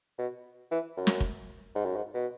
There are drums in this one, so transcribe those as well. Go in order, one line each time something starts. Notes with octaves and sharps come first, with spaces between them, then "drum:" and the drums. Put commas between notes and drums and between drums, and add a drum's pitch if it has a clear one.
B2
E3
F#2
drum: snare
drum: kick
G#2
F#2
G#2
B2